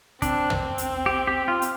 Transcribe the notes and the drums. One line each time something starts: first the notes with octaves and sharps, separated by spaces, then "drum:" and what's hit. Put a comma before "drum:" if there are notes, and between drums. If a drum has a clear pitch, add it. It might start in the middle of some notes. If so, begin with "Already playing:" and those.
C4 D4, drum: kick, hi-hat
drum: tom
drum: hi-hat
G4
G4
F4
drum: hi-hat